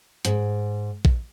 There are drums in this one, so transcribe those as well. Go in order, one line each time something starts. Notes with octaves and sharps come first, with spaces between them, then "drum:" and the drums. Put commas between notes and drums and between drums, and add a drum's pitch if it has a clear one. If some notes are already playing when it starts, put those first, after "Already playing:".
G#2, drum: hi-hat
drum: kick